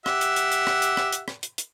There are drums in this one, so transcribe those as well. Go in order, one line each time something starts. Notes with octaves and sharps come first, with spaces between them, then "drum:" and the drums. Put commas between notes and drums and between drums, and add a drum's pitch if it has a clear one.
G4 E5 F#5, drum: rim click
drum: hi-hat
drum: hi-hat
drum: hi-hat
drum: rim click
drum: hi-hat
drum: rim click
drum: hi-hat
drum: rim click
drum: hi-hat
drum: hi-hat